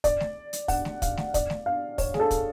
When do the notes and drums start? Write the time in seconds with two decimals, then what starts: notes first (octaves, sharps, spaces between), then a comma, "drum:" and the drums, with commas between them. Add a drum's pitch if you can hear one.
0.04 D5, drum: kick, hi-hat
0.20 drum: snare A3
0.53 drum: hi-hat
0.68 F#5, drum: kick, open hi-hat
0.85 drum: snare A3
1.02 F5, drum: kick, hi-hat
1.17 drum: snare A3
1.34 D5, drum: kick, hi-hat
1.50 drum: snare A3
1.66 F5
1.98 C#5, drum: kick, open hi-hat
2.14 G#4, drum: snare A3
2.20 A4
2.31 drum: kick, hi-hat